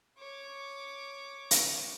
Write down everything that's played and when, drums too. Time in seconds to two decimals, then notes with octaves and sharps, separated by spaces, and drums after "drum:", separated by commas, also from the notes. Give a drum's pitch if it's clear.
0.17 C#5 D6
1.51 drum: hi-hat